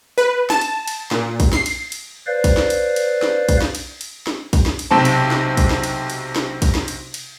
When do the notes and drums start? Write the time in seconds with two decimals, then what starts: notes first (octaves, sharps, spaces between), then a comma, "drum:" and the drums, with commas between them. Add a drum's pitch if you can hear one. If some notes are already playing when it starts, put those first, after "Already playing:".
0.18 B4
0.50 A5, drum: snare
0.61 drum: cymbal
0.87 drum: cymbal
1.11 A#2, drum: snare
1.40 drum: kick, cymbal
1.53 C7, drum: snare
1.66 drum: cymbal
1.92 drum: cymbal
2.27 B4 C5 D5 F5
2.44 drum: kick, cymbal
2.57 drum: snare
2.70 drum: cymbal
2.96 drum: cymbal
3.22 drum: snare
3.49 drum: kick, cymbal
3.62 drum: snare
3.75 drum: cymbal
4.01 drum: cymbal
4.27 drum: snare
4.53 drum: kick, cymbal
4.66 drum: snare
4.79 drum: cymbal
4.91 B1 C3 C4 G5 A5
5.05 drum: cymbal
5.31 drum: snare
5.57 drum: kick, cymbal
5.70 drum: snare
5.83 drum: cymbal
6.10 drum: cymbal
6.36 drum: snare
6.62 drum: kick, cymbal
6.75 drum: snare
6.88 drum: cymbal
7.14 drum: cymbal